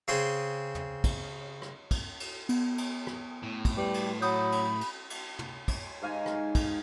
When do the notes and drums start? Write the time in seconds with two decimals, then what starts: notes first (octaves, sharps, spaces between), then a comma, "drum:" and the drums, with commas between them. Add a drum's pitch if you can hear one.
0.08 C#3 C4 G#4 C6
0.75 drum: tom
1.04 drum: kick, cymbal
1.62 drum: rim click
1.91 drum: kick, cymbal
2.20 drum: cymbal
2.49 B3, drum: cymbal
2.78 drum: cymbal
3.07 drum: rim click
3.43 A2
3.65 drum: kick, cymbal
3.77 G3 B4
3.94 drum: cymbal
4.22 F#3 B5 D#6 G6, drum: cymbal
4.52 drum: cymbal
4.81 drum: cymbal
5.10 drum: cymbal
5.39 drum: tom
5.68 drum: kick, cymbal
6.02 G#2 F5 G#5 A#5
6.26 drum: rim click
6.55 drum: kick, cymbal